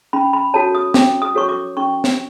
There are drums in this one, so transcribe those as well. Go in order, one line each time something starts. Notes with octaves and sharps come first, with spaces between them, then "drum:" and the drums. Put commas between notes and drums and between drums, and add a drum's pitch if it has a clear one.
C#4 B5
B5
F#4 A4 C#5 A5
D#6
C#4 D6, drum: snare
D#6
F#4 A4 C#5 C#6
D6
C#4 C#6
drum: snare